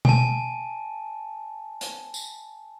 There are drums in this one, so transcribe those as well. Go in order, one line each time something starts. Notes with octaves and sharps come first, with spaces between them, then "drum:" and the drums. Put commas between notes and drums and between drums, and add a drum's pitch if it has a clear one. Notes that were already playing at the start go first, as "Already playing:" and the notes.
G#5 A5, drum: tom B2
drum: hi-hat
drum: tambourine